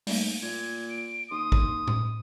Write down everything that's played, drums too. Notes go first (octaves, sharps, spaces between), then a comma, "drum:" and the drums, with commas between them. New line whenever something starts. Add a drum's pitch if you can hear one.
G#2 G3 A3 A#3, drum: open hi-hat
A#2 G#6
D7
D#2 C6 D#6
drum: kick
drum: tom A2